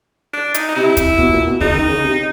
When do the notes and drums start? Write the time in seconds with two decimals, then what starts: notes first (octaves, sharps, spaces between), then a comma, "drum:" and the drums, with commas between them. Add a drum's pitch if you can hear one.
0.33 D4
0.54 D#4, drum: hi-hat
0.69 D#4
0.75 C3 E4
0.97 drum: kick, hi-hat
1.18 B2, drum: kick
1.32 A#2
1.46 B2
1.60 C#3 D#4, drum: kick
1.74 D#3
1.89 C#3
2.04 C3